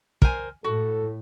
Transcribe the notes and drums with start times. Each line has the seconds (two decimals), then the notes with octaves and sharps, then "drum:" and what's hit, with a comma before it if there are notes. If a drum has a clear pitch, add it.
0.22 A#4 C5 G#5, drum: kick
0.64 A2 F#4 A4